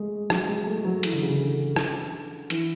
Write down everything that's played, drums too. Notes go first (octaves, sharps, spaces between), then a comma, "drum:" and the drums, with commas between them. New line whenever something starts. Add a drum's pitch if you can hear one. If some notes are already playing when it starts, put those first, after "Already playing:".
Already playing: G#3 A3
F#3, drum: rim click
G#3
A3
F#3
E3, drum: hi-hat
D3
C#3
D3
drum: rim click
E3, drum: hi-hat